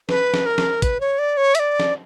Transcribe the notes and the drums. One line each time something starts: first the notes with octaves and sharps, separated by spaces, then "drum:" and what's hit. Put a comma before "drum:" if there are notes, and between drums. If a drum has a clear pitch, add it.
B4, drum: snare
drum: snare
A#4
drum: snare
B4, drum: kick, hi-hat
C#5
D5
C#5
E5, drum: hi-hat
D5
drum: snare